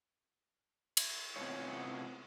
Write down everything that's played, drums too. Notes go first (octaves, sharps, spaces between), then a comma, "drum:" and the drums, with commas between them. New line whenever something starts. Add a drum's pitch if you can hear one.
drum: cymbal
A2 C3 B3 C#4 F4 C#5